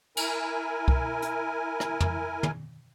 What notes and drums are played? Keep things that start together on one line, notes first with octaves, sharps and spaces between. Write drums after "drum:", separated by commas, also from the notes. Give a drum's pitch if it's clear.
E4 A#4 G#5, drum: cymbal
drum: kick
drum: hi-hat
drum: rim click
drum: tom
drum: tom